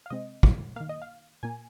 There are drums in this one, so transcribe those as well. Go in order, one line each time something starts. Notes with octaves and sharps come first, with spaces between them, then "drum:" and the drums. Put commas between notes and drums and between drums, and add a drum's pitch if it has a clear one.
F5
C3 G#3 C4 D#5
drum: kick
D#3 A#3 F5
D#5
F5
A#2 A#3 G#5